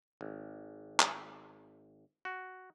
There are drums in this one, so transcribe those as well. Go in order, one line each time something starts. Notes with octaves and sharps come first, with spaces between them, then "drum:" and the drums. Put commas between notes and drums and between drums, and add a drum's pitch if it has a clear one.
G#1
drum: clap
F#4